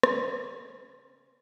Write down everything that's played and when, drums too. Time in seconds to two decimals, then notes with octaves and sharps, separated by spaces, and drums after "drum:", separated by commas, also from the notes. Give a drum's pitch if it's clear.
0.03 C#3 C4, drum: rim click